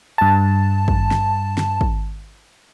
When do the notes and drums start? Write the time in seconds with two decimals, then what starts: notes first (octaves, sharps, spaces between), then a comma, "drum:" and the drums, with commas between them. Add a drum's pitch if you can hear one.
0.18 G2 A5
0.88 drum: kick
1.11 drum: snare
1.58 drum: snare
1.81 drum: kick